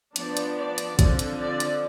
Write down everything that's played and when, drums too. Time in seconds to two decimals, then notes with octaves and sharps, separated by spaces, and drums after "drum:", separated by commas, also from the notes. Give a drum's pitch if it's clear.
0.16 F3 B3 D4 D5, drum: hi-hat
0.37 drum: hi-hat
0.57 D5
0.78 drum: hi-hat
0.99 D3 F3 C4, drum: kick, hi-hat
1.19 drum: hi-hat
1.40 D5
1.60 drum: hi-hat